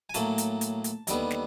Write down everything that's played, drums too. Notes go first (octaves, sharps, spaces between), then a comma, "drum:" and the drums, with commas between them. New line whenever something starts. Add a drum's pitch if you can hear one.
G#5
A2 F#3 A#3 C#4 A5, drum: hi-hat
drum: hi-hat
drum: hi-hat
drum: hi-hat
D#2 D3 G3 B3, drum: hi-hat
drum: snare